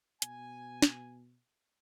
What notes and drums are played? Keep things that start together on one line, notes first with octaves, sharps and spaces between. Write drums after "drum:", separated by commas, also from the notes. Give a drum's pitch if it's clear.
B2 G#5, drum: hi-hat
drum: snare